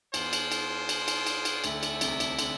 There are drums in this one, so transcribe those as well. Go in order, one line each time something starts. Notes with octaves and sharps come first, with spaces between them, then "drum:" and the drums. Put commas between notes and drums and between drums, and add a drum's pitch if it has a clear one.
E2 E3 B3 D4 F4 G#4 C5, drum: cymbal
drum: cymbal
drum: cymbal
drum: cymbal
drum: cymbal
drum: cymbal
drum: cymbal
D2 D3 C4 E4 A4 E5, drum: cymbal
drum: cymbal
C2 C3, drum: cymbal
drum: cymbal
D3, drum: cymbal